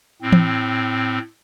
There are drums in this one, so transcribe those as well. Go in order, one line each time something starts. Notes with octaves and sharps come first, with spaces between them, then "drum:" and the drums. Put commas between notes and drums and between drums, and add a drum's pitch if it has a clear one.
A2 C4
drum: tom E3